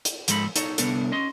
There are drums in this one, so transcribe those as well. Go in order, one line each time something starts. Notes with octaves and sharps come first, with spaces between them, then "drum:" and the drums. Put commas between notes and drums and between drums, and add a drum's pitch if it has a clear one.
drum: hi-hat
G#2 F3 G#3 A4 D5 B5, drum: hi-hat
D#4 A4 C#5, drum: hi-hat
C2 B3 D4 A4 A#4 C#5, drum: hi-hat
C#4 D#5 C6